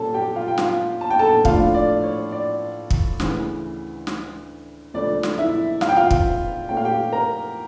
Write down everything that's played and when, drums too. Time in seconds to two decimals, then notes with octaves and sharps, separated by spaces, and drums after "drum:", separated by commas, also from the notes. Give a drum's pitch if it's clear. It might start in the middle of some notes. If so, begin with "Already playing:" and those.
Already playing: A#2 G3 C#4 A4 A5
0.14 G4 G5
0.36 F4 F5
0.48 G5
0.58 F4 F5, drum: snare
1.01 A5
1.10 G5
1.19 A4 A5
1.45 A2 F3 A3 D4 F4 F5, drum: kick
1.74 D5
2.03 C#5
2.32 D5
2.90 drum: kick
3.20 D2 C#3 E3, drum: snare
4.07 drum: snare
4.94 C#2 C#3 F3 A3 D4 D5
5.23 drum: snare
5.38 E4 E5
5.81 F5, drum: snare
5.89 G5
5.96 F4 F5
6.11 drum: kick
6.69 A#2 A3 C#4 G5
6.77 F5
6.85 G4 G5
7.12 A#4 A#5